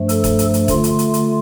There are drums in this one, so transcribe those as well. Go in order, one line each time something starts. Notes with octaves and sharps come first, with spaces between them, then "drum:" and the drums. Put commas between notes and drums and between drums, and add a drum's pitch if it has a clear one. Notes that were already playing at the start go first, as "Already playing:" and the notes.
Already playing: G2 F3 A3
A4, drum: hi-hat
drum: kick E1, hi-hat
drum: hi-hat
drum: hi-hat
D3 A3 F4, drum: kick E1, hi-hat
drum: hi-hat
drum: hi-hat
drum: hi-hat